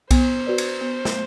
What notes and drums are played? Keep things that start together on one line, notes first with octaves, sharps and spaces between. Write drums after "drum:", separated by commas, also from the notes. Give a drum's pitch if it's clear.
B3 C5, drum: kick B1, cymbal
F#4 B4 D5
drum: cymbal
B3
drum: snare